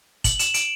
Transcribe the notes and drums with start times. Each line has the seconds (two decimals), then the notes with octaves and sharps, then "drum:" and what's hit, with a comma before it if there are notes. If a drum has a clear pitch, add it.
0.24 F#7, drum: kick, hi-hat
0.39 E7, drum: hi-hat
0.54 D7, drum: hi-hat